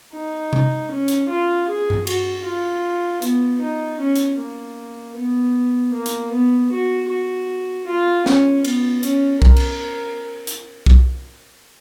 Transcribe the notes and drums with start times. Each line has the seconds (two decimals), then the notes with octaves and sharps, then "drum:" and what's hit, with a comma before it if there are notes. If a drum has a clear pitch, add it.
0.13 D#4
0.53 drum: tom C3
0.91 C#4
1.08 drum: hi-hat
1.29 F4
1.68 G#4
1.90 drum: tom G2
2.07 F#4, drum: cymbal
2.45 F4
3.22 B3, drum: hi-hat
3.61 D#4
4.00 C#4
4.16 drum: hi-hat
4.39 A#3
5.16 B3
5.93 A#3
6.06 drum: hi-hat
6.32 B3
6.71 F#4
7.09 F#4
7.87 F4
8.26 C#4, drum: snare
8.65 B3, drum: cymbal
9.03 C#4, drum: hi-hat
9.42 A#4, drum: kick B1
9.56 drum: cymbal
10.47 drum: hi-hat
10.86 drum: kick B1